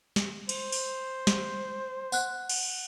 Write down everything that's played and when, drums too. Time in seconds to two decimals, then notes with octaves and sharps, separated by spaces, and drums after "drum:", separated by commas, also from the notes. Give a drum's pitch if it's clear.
0.16 drum: snare
0.49 C5, drum: cymbal
0.72 drum: open hi-hat
1.27 drum: snare
2.12 F#5 F#6, drum: tambourine
2.49 drum: cymbal